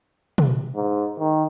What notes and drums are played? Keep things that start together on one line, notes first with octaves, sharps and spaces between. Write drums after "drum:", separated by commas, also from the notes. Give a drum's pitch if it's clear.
drum: tom
G#2
D#3